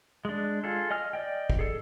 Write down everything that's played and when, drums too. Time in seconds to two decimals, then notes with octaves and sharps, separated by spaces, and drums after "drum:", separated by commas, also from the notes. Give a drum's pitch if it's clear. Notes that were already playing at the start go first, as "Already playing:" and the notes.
0.25 G#3 D4
0.64 F4 G#4 A4
0.90 D#5 G#5 F6
1.13 D5 D#5 G5
1.50 drum: kick
1.59 G#4 A4